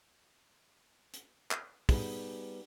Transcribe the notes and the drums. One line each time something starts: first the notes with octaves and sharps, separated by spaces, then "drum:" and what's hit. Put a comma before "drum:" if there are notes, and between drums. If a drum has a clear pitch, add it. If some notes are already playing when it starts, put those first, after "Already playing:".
drum: hi-hat
drum: clap
G3 B3 D#4 G4 G#4, drum: kick, open hi-hat